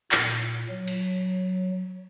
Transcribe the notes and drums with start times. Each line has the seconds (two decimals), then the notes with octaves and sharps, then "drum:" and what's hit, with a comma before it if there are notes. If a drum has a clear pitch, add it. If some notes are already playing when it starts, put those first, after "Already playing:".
0.12 A#2, drum: clap
0.69 F#3
0.87 drum: cymbal